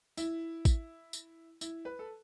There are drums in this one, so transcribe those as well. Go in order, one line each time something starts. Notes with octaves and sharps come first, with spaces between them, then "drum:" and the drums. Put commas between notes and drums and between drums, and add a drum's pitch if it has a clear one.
E4, drum: tambourine
drum: kick A1, tambourine
drum: tambourine
E4, drum: tambourine
B4
A4